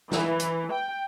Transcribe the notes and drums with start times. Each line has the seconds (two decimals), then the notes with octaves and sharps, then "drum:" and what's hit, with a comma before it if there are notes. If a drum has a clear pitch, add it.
0.12 E3, drum: snare
0.40 drum: hi-hat
0.72 G5